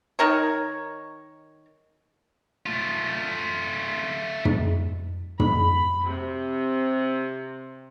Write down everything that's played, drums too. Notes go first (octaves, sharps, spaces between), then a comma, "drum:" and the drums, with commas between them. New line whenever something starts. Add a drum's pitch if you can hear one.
D#3 A#4 C#5
A3 F4
drum: tom
B5, drum: tom
C3